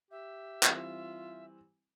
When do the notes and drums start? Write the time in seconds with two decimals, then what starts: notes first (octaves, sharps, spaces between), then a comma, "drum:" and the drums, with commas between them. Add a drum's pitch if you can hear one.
0.11 G4 E5
0.63 E3 G3 C4 F4, drum: clap